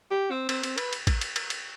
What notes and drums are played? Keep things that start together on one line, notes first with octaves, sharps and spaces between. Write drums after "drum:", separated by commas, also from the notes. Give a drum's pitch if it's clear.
G4
C4
C4, drum: cymbal
C4, drum: cymbal
B4, drum: cymbal
drum: cymbal
drum: kick, cymbal
drum: cymbal
drum: cymbal
drum: cymbal